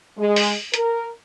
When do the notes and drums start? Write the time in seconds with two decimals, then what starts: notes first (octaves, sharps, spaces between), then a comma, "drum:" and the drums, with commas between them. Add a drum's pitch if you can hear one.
0.18 G#3
0.36 drum: open hi-hat
0.74 A#4, drum: hi-hat